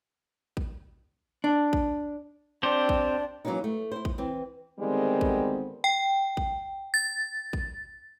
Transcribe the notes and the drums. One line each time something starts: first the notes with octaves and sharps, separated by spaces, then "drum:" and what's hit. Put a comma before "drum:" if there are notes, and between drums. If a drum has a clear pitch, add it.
drum: kick
D4
drum: kick
C4 D4 G4 C5
drum: kick
E3 F#3 G#3 A#3 C#4 D#4
A3
E4 C5
drum: kick
E3 C4
D3 D#3 G3 G#3 B3 C4
drum: kick
G5
drum: kick
A6
drum: kick